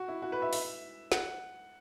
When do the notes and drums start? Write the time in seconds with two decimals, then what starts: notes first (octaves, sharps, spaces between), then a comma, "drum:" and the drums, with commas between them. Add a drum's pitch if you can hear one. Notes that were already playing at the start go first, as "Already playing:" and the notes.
Already playing: F#4
0.08 E4
0.22 F#4
0.32 B4
0.42 E5
0.53 E5, drum: open hi-hat
1.12 F#5, drum: snare